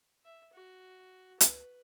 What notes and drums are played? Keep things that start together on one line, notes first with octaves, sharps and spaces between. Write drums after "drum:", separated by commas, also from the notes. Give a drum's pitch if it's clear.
E5
F#4
B4, drum: hi-hat